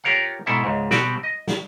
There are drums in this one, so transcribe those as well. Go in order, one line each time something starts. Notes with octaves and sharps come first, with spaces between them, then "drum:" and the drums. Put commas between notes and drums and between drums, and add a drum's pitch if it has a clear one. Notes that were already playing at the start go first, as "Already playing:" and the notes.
F4 G4 A#4 C#5 F5 F#5
G#2 B2 E4 A4 E5
C#2 G#2
B2 C4 F#4 G4 F#5 G5, drum: snare
D#5
drum: snare